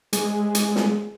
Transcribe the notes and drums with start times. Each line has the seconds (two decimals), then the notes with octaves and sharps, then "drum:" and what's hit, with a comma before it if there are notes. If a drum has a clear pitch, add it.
0.13 G#3, drum: hi-hat
0.55 drum: hi-hat
0.76 drum: snare